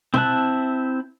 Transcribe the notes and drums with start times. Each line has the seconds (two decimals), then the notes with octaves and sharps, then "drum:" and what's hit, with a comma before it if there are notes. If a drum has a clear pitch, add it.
0.14 C4 E4 E5 A5 F#6, drum: tom